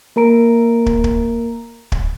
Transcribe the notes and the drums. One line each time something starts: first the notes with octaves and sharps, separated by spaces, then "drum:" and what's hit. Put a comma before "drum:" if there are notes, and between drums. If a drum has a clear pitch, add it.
A#3 A#4 A#5 D7
drum: kick
drum: kick
drum: kick